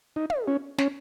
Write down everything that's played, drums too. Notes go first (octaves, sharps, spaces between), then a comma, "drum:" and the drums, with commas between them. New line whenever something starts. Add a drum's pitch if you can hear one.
D#4
drum: tom
C#4
C#4, drum: snare